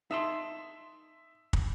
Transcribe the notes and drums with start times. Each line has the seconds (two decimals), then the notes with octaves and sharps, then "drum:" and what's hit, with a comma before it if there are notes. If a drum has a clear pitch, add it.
0.11 D#4 E5 A5 C6
1.53 drum: kick